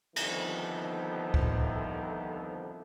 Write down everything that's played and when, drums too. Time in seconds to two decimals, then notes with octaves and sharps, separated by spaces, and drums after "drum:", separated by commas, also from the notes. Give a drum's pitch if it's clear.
0.16 C2 F2 D3 D#3 F3 B3, drum: cymbal
1.34 drum: kick D2